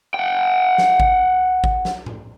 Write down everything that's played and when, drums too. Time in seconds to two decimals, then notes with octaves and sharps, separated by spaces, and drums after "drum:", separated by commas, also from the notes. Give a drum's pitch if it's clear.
0.14 F#5 G5
0.78 drum: snare
1.00 drum: kick G#1
1.64 drum: kick G#1
1.85 drum: snare
2.06 drum: tom A2